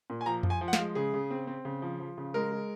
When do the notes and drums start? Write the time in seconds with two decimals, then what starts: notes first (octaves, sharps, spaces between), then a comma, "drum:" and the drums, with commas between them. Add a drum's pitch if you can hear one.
0.10 A#2
0.21 G#5
0.26 F3 A#5
0.43 F3, drum: tom F2
0.50 G#5
0.61 F3
0.68 F#5
0.73 F5, drum: snare
0.79 G#3
0.95 C#3 G#4
1.14 C#3
1.31 C4
1.47 C4
1.65 C#3
1.82 F3
2.00 F3
2.18 C#3
2.34 G#3 A#4
2.52 G#3